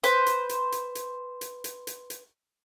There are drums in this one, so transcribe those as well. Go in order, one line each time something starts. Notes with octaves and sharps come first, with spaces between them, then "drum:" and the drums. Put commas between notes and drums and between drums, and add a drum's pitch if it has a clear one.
B4 C5, drum: hi-hat
drum: hi-hat
drum: hi-hat
drum: hi-hat
drum: hi-hat
drum: hi-hat
drum: hi-hat
drum: hi-hat
drum: hi-hat